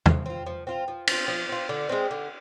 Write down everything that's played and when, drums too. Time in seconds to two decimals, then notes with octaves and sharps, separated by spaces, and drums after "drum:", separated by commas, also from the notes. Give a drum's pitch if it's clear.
0.06 F3, drum: tom
0.26 C4 F4
0.46 F3
0.67 C4 F4
0.88 F3
1.07 C4 F4, drum: cymbal
1.28 F3
1.49 C4 F4
1.69 D3
1.89 G#3 C4
2.11 D3